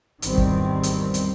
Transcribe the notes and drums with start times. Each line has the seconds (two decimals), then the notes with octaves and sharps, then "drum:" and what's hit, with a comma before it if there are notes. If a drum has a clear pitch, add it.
0.22 G#1 E2 D#3 G3 C4, drum: hi-hat
0.38 drum: kick
0.83 drum: hi-hat
1.14 drum: hi-hat